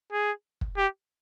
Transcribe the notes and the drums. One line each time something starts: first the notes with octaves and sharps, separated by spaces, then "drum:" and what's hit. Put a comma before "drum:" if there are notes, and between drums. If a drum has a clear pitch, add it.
G#4
drum: kick
G4